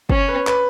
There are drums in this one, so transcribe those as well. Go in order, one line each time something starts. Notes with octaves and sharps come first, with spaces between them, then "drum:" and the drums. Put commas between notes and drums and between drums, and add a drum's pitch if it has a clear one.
C#4, drum: kick
B4
B4, drum: clap